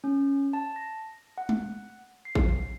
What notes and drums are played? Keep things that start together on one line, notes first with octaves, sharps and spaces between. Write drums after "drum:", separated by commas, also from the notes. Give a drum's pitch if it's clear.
C#4
A5
A#6
F#5
drum: tom
C7
drum: kick A1